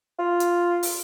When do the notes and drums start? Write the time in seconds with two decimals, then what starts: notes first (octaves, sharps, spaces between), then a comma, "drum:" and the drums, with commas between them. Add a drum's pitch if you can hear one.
0.19 F4
0.40 drum: hi-hat
0.83 drum: open hi-hat